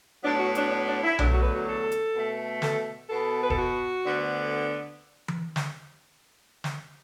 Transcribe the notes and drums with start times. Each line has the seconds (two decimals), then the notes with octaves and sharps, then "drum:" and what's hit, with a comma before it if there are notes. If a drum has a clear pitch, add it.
0.23 A2 F#3 B3 D4
0.39 F#4
0.55 D4, drum: hi-hat
0.71 D4
0.86 D4
1.03 E4
1.19 E2 D3 F#3 A3 D4, drum: tom B1
1.31 F#4
1.42 B4
1.54 F#4
1.67 A4
1.92 drum: hi-hat
2.14 B2 A3
2.62 A4, drum: snare
3.09 B2 B3 A4
3.43 B4
3.50 A4, drum: kick E1
3.57 F#4
4.04 D2 D3 B3
5.28 drum: tom E3
5.56 drum: snare
6.64 drum: snare